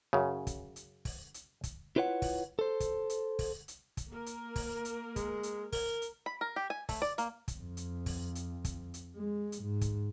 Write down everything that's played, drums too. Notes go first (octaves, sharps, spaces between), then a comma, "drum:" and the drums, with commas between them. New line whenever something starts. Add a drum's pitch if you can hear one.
F#2 C#3
drum: kick, hi-hat
drum: hi-hat
drum: kick, open hi-hat
drum: hi-hat
drum: kick, hi-hat
E4 F4 B4 C#5 F#5
drum: kick, open hi-hat
A4 C5
drum: kick, hi-hat
drum: hi-hat
drum: kick, open hi-hat
drum: hi-hat
drum: kick, hi-hat
A#3 A#4
drum: hi-hat
drum: kick, open hi-hat
drum: hi-hat
G#3, drum: kick, hi-hat
drum: hi-hat
A#4, drum: kick, open hi-hat
drum: hi-hat
B5
A#4
G4
G#5
A3, drum: kick, open hi-hat
D5
A#3, drum: hi-hat
drum: kick, hi-hat
F2
drum: hi-hat
drum: kick, open hi-hat
drum: hi-hat
drum: kick, hi-hat
drum: hi-hat
G#3
drum: hi-hat
G#2
drum: kick, hi-hat